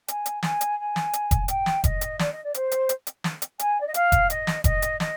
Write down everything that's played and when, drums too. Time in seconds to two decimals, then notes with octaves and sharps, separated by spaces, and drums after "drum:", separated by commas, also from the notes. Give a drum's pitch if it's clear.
0.08 G#5, drum: hi-hat
0.26 drum: hi-hat
0.43 G#5, drum: snare
0.61 drum: hi-hat
0.79 G#5
0.96 drum: snare
1.13 drum: hi-hat
1.31 drum: kick F1, hi-hat
1.48 G5, drum: hi-hat
1.66 drum: snare
1.84 D#5, drum: kick F1, hi-hat
2.01 drum: hi-hat
2.19 D5, drum: snare
2.32 D#5
2.43 D5
2.54 C5, drum: hi-hat
2.71 drum: hi-hat
2.89 drum: hi-hat
3.07 drum: hi-hat
3.24 drum: snare
3.42 drum: hi-hat
3.59 G#5, drum: hi-hat
3.80 D5
3.86 D#5
3.94 F5, drum: hi-hat
4.12 drum: kick F1, hi-hat
4.30 D#5, drum: hi-hat
4.47 drum: snare
4.64 D#5, drum: kick F1, hi-hat
4.82 drum: hi-hat
5.00 D#5, drum: snare